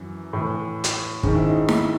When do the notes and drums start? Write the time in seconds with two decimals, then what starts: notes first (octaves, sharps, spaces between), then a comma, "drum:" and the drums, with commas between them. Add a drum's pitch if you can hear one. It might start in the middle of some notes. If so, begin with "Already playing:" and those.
Already playing: F#2 E3
0.33 A2 E3
0.84 drum: hi-hat
1.23 G#2 D#3 C#4, drum: kick
1.35 E4
1.46 D#4
1.69 E4, drum: snare D#4